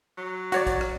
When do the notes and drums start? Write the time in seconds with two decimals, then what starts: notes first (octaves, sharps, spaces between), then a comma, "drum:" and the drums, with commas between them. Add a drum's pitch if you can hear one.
0.18 F#3
0.52 F#4 C#5 D5, drum: hi-hat
0.67 drum: kick A#1, hi-hat
0.81 drum: rim click